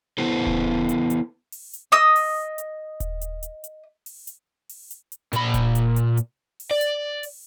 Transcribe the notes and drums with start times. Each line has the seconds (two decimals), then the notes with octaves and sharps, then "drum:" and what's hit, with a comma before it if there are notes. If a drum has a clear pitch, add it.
0.18 B3 E4 A4 B4 C5
0.47 drum: kick D#1
0.89 drum: hi-hat
1.10 drum: hi-hat
1.52 drum: open hi-hat
1.73 drum: hi-hat
1.92 D#5 D#6 E6
2.16 drum: open hi-hat
2.58 drum: hi-hat
3.00 drum: kick D#1, hi-hat
3.21 drum: hi-hat
3.43 drum: hi-hat
3.64 drum: hi-hat
4.06 drum: open hi-hat
4.27 drum: hi-hat
4.69 drum: open hi-hat
4.91 drum: hi-hat
5.12 drum: hi-hat
5.33 A#2 B5, drum: hi-hat
5.54 drum: kick D#1, hi-hat
5.75 drum: hi-hat
5.96 drum: hi-hat
6.17 drum: hi-hat
6.60 drum: open hi-hat
6.71 D5
6.81 drum: hi-hat
7.23 drum: open hi-hat